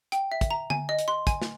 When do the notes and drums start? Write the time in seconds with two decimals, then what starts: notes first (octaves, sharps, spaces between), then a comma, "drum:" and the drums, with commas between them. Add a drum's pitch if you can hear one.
0.12 G5, drum: hi-hat
0.32 E5
0.41 drum: kick, hi-hat
0.51 A#5
0.70 G#5, drum: tom D3
0.89 D#5
0.99 drum: hi-hat
1.08 C6
1.27 G#5, drum: kick, hi-hat
1.42 drum: snare